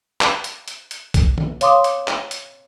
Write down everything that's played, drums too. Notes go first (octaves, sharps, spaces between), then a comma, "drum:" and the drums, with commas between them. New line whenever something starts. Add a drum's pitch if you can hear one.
drum: clap
drum: hi-hat
drum: hi-hat
drum: hi-hat
drum: kick B1, hi-hat
drum: tom D3
C#5 F5 C6 D6 D#6, drum: hi-hat
drum: hi-hat
drum: clap
drum: hi-hat